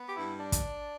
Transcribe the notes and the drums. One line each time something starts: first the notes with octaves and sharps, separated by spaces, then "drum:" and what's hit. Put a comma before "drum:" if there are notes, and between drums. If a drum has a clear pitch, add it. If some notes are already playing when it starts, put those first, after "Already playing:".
Already playing: B3
G4
G2 E4
D4
drum: kick, hi-hat